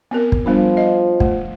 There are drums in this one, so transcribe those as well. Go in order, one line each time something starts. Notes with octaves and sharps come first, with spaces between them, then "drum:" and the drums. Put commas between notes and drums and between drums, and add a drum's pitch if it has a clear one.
B3 C4 A#4
drum: kick
F3 G3 B3 D4
D#5
A3, drum: kick